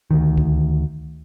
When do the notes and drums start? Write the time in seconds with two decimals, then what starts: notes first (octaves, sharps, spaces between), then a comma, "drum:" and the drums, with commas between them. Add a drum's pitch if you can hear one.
0.11 D2 D#3
0.38 drum: kick C#2